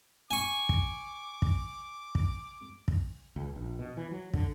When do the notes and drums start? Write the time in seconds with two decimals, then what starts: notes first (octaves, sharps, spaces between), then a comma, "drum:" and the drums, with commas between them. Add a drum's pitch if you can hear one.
0.31 G#5 C#6 D6
0.69 drum: kick
1.42 drum: kick
2.15 drum: kick
2.88 drum: kick
3.36 C#2
3.56 A#1
3.79 B2
3.97 E3
4.11 F#3
4.34 D3, drum: kick